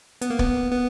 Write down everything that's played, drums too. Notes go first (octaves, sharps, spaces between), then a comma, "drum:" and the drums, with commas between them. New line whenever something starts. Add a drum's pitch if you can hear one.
B3, drum: hi-hat
A#3
B3, drum: kick
B3